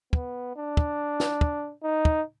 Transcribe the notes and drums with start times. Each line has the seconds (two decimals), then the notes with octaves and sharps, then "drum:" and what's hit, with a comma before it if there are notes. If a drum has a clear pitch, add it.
0.13 B3, drum: kick
0.57 D4
0.77 drum: kick
1.20 drum: snare
1.41 drum: kick
1.83 D#4
2.05 drum: kick